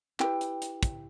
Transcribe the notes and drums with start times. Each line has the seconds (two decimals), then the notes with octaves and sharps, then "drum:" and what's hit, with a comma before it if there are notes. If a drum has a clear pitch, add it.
0.20 E4 G4 B4 G5, drum: clap
0.41 drum: hi-hat
0.62 drum: hi-hat
0.83 drum: kick, hi-hat